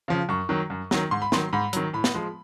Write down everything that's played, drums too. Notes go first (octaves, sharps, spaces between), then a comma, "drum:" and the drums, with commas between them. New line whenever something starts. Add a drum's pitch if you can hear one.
C#3 F3
F#2 C#6
D#3 F#3
F#2
D#3 F#3, drum: snare
G#2 C6
B5
D#3 F#3 C6, drum: snare
G#2 B5
D#3 F#3, drum: hi-hat
A2 B5
drum: snare
F3 G#3